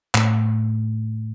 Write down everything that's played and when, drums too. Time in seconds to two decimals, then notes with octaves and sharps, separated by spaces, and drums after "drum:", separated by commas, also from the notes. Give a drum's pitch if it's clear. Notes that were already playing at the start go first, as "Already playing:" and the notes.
0.15 A2, drum: clap